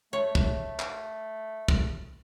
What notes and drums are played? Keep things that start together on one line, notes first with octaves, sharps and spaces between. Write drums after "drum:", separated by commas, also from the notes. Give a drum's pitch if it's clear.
A3 C#5
drum: kick
drum: clap
drum: kick